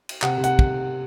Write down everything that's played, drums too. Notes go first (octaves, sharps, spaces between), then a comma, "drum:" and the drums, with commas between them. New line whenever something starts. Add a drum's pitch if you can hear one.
drum: cymbal
C3 F#5, drum: clap
C3
F#5, drum: hi-hat
drum: kick